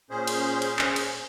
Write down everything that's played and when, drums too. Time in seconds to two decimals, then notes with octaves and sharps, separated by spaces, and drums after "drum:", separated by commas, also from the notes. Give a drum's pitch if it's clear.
0.10 A#2 C#4 G#4 C5
0.27 drum: cymbal
0.62 drum: cymbal
0.79 drum: clap
0.96 drum: cymbal